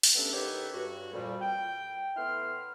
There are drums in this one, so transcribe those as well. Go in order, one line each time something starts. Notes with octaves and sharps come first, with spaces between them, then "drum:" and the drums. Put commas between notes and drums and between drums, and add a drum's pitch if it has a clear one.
drum: open hi-hat
G3 A3 B3 C#4 D4 A4
D#3 D#4 G4 A4 B4 C#5
G2 F#4
F2 A#2 G3
G5
A2 B3 E4 C6 F6